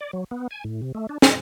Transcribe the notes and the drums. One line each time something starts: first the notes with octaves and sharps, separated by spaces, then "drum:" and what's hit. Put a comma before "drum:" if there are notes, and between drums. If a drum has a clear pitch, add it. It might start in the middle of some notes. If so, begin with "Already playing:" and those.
D5
F#3
B3
G#5
A2
C3
A3
D4
D#5, drum: snare